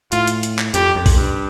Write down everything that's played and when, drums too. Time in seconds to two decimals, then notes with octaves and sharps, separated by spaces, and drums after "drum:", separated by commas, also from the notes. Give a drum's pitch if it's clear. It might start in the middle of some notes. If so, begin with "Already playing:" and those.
0.12 A2 F4, drum: hi-hat
0.27 drum: hi-hat
0.43 drum: hi-hat
0.59 drum: clap
0.74 F2 G4, drum: hi-hat
0.95 F2
1.06 drum: kick B1, open hi-hat
1.16 G2